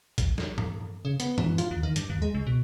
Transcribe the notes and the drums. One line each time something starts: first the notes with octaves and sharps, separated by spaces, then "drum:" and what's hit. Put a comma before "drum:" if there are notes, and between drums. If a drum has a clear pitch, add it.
drum: kick, hi-hat
drum: snare
drum: tom G2
C#3
B3, drum: hi-hat
E3, drum: tom F#2
F4, drum: hi-hat
D#2
D#3
G2, drum: hi-hat
D#2
G#3
C#2
B2